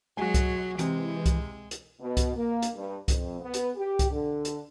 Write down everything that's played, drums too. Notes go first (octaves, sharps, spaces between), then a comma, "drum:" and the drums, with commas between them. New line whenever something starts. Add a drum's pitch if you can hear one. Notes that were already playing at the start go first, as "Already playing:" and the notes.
F#3 G#3 F#4 G#4 G#5
drum: kick C2, hi-hat
C3 E3 G#3, drum: hi-hat
drum: kick C2, hi-hat
drum: hi-hat
B2
drum: kick C2, hi-hat
A#3
drum: hi-hat
G2
F2, drum: kick C2, hi-hat
B3
drum: hi-hat
G4
drum: kick C2, hi-hat
D3
drum: hi-hat